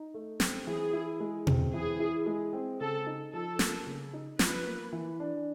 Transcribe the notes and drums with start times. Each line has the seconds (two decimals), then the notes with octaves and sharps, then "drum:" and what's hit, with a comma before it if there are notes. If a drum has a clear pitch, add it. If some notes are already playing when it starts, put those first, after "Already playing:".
Already playing: D#4
0.14 A3
0.40 C4, drum: snare
0.67 E3 G#4
0.93 E4
1.20 G#3
1.47 C4, drum: tom B2
1.73 E3 G#4
1.99 E4
2.26 G#3
2.53 C4
2.80 C#3 A4
3.07 D#4
3.33 F3 A4
3.59 A#3, drum: snare
3.86 C#3
4.13 D#4
4.39 F3 B4, drum: snare
4.66 A#3
4.92 E3
5.20 D4